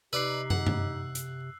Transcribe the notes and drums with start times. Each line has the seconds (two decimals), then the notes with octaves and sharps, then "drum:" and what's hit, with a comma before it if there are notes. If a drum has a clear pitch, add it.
0.13 C3 D#4 G4 B4 D5 E6 F#6 C7
0.50 F#5, drum: tom
0.67 drum: tom
1.15 drum: hi-hat